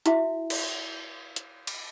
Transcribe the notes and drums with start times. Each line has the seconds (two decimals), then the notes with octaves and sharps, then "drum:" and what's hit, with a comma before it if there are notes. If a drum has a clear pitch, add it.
0.06 E4 F#4 E5, drum: hi-hat
0.50 drum: cymbal
1.36 drum: hi-hat
1.67 drum: cymbal